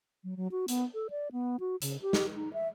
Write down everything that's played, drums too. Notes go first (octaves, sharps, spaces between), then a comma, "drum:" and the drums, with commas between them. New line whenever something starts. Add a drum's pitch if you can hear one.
F#3
F#3
F#4
B3, drum: hi-hat
A4
D5
B3
F#4
C#3, drum: hi-hat
G4
drum: snare
D#4
E5